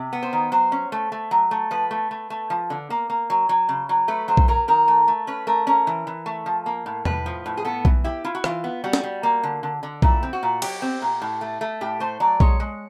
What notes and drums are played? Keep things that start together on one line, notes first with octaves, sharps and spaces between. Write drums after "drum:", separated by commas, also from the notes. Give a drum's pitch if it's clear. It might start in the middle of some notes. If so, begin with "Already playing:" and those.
Already playing: C3
B3
C5
D#3
F#3 C5
C#4
A3
A3
F#3
A3
F3 B4
A3
A3
A3
F3
D3
A#3
A#3
F#3
F#3
C#3
F#3
A3 B4
F#3 C5
drum: kick B1
F#3 A#4
D#3 A#4
A3
A3
C#4 B4
A3 A#4
C#4 A#4
E3
E3
A3
F3
A#3
A2
A2 B4, drum: tom E2
F3
A2
G#4
B3 A4
E3, drum: kick B1
E4 G4
E4 F4
F#4
E3 F4, drum: rim click
B3
G3 F#4
drum: snare
G3
A#3
D3
D3
D3
A#2 E4, drum: kick B1
C4
F#4
A#2
F#3 G4, drum: cymbal
C4
A#2
A2
A3
A3
A2 G4
A3 C5
F#3 D5
G#3 C#5, drum: kick B1
G#3